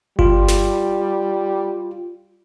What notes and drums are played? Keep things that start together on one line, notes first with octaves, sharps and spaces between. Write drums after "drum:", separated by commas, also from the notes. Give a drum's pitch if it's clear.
G3 F4, drum: kick G1
drum: snare